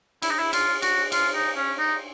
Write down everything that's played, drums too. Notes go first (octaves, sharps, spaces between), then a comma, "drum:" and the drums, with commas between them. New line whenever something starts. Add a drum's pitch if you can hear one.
E4, drum: cymbal
D#4
E4
F4, drum: cymbal
F#4, drum: cymbal
F4, drum: cymbal
D#4
C#4
D#4